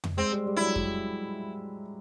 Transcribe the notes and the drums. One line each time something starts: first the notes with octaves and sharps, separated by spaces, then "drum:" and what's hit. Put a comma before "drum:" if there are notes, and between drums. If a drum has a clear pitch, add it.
drum: tom F2
G#3 C4
G3
G3
F#3 E4
G3, drum: kick F2